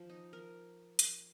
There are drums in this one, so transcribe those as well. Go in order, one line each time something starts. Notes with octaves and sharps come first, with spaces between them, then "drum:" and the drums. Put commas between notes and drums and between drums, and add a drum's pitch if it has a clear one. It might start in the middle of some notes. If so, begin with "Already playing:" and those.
Already playing: F3
D#4
A#4
drum: hi-hat